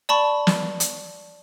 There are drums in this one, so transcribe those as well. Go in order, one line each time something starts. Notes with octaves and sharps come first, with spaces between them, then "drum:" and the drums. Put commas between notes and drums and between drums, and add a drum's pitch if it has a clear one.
D5 A5 B5 C#6
drum: snare
drum: hi-hat